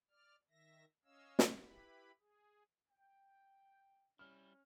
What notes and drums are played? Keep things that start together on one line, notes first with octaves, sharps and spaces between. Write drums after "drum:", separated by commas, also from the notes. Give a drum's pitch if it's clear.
D5 F6
D#3 E5 A#6
C#4 C#5 D#5 F5 E6
drum: snare
E4 G4 B4 B5
G#4
G5
G3 C#4 E4 F6